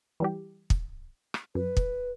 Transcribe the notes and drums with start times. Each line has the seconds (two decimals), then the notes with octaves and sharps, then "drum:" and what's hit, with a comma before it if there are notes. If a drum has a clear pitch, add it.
0.20 E3 G3 G4
0.70 drum: kick
1.34 drum: rim click
1.55 F#2 B4
1.77 drum: kick